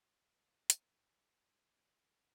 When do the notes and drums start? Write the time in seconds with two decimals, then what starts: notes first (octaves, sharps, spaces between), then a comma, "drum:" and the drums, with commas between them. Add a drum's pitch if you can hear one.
0.70 E4 G#5, drum: hi-hat